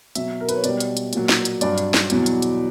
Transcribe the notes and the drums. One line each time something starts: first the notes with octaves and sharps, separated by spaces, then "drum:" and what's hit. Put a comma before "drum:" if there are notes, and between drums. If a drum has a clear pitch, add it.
B2 F#3 E5, drum: hi-hat
A#4
B4, drum: hi-hat
C#5
B2 G3 D5, drum: hi-hat
drum: hi-hat
drum: hi-hat
A#2 F#3, drum: hi-hat
drum: snare
drum: hi-hat
G2 F#3 D5, drum: hi-hat
drum: hi-hat
drum: snare
E2 B2 F#3, drum: hi-hat
drum: hi-hat
drum: hi-hat